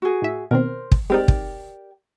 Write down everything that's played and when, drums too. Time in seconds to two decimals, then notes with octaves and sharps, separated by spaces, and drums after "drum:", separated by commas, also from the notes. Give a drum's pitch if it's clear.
0.02 F#4 G#4
0.22 A2 E5
0.51 B2 D#3 C4 A#4 C5
0.92 drum: kick
1.10 G#3 C4 D#4 G4 A#4 D5
1.28 drum: kick